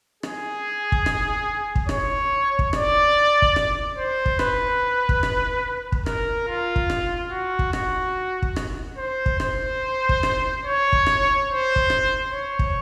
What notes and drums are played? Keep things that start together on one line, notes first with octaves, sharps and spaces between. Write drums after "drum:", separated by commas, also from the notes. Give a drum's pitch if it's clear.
G#4, drum: rim click
drum: kick
drum: rim click
drum: kick
C#5, drum: rim click
drum: kick
D5, drum: rim click
drum: kick
drum: rim click
C5
drum: kick
B4, drum: rim click
drum: kick
drum: rim click
drum: kick
A#4, drum: rim click
F4
drum: kick
drum: rim click
F#4
drum: kick
F#4, drum: rim click
drum: kick
drum: rim click
C5
drum: kick
C5, drum: rim click
drum: kick
drum: rim click
C#5
drum: kick
drum: rim click
C5
drum: kick
drum: rim click
C#5
drum: kick